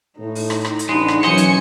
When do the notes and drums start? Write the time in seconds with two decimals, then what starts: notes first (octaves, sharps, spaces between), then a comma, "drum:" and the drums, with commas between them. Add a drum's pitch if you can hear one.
0.19 A2 D#4
0.35 drum: open hi-hat
0.50 drum: rim click
0.65 drum: rim click
0.79 drum: hi-hat
0.89 A1 C#3 G#3 B3 D4
1.08 drum: rim click
1.23 B1 E3 F#3 C#4 C5 D#5 G#5 C#7, drum: rim click
1.38 drum: hi-hat